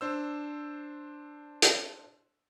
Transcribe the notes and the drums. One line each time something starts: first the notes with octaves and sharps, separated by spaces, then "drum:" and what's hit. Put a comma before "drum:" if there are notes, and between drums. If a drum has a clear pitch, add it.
D4 C5 E6
drum: hi-hat